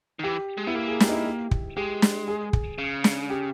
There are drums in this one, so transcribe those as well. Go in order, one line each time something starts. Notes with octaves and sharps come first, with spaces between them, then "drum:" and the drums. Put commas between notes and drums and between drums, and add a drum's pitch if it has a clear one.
D#3
E3 G4
G#3
B3 E4
A#3 G4
G#4
G4, drum: snare
D#4
E4
G4
drum: kick
G#3 G4
drum: snare
G#4
drum: kick
C#3
drum: snare
G4